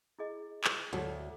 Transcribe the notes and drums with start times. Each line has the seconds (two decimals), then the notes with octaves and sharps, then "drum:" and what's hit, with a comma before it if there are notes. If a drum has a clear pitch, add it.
0.19 E4 G#4 D#5
0.64 drum: clap
0.93 D2 F#3 A4 C#5